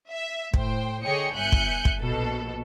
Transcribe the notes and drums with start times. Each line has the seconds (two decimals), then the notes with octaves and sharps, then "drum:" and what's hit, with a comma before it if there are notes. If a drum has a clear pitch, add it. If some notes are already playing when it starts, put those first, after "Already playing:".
0.10 E5
0.54 A2 C5 G5, drum: kick
1.03 D3 G#4 C#5 D#5 G5 C#7
1.34 G1 E5 G#5 F#6 G6 C#7
1.52 drum: kick
1.85 drum: kick
2.00 A#1 B2 A4